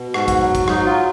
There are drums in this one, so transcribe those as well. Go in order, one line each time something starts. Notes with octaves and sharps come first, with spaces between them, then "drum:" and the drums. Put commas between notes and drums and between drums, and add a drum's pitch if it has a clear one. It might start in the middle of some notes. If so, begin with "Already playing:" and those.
Already playing: B2
G#2 F#4, drum: rim click
drum: kick, hi-hat
F#3
drum: kick, hi-hat
F#3 D#4, drum: rim click
F#4
F4